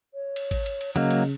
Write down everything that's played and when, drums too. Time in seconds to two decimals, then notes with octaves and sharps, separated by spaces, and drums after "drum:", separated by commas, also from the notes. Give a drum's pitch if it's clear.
0.14 C#5
0.36 drum: cymbal
0.51 drum: kick G#1, cymbal
0.66 drum: cymbal
0.81 drum: cymbal
0.96 C#3 F#3 A#3 D#5, drum: cymbal
1.11 drum: cymbal